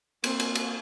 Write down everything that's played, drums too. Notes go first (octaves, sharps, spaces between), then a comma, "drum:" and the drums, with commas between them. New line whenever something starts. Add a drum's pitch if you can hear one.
A#3 C4, drum: cymbal
drum: cymbal
drum: cymbal